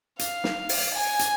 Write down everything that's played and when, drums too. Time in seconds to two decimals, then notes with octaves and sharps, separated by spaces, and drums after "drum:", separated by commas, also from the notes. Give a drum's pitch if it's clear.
0.19 F5, drum: hi-hat
0.44 drum: snare
0.69 drum: open hi-hat
0.94 G#5
1.19 drum: hi-hat